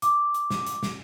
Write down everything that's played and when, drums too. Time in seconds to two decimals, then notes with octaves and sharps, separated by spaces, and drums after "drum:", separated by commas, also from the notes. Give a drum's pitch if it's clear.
0.02 D6, drum: hi-hat
0.34 drum: hi-hat
0.50 drum: snare
0.67 drum: hi-hat
0.83 drum: snare